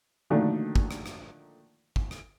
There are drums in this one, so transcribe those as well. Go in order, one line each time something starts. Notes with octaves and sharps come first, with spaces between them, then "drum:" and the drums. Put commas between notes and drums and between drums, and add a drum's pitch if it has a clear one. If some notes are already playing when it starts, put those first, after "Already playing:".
A#2 D3 D#3 F3 F#3 A3
drum: kick
drum: rim click
drum: rim click
drum: kick
drum: rim click